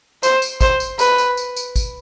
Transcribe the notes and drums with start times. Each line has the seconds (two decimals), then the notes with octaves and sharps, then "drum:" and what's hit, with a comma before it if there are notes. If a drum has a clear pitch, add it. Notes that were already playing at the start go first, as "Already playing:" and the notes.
0.23 C5, drum: tambourine
0.42 drum: tambourine
0.61 C5, drum: kick, tambourine
0.80 drum: tambourine
0.99 B4, drum: tambourine
1.18 drum: tambourine
1.37 drum: tambourine
1.56 drum: tambourine
1.76 drum: kick, tambourine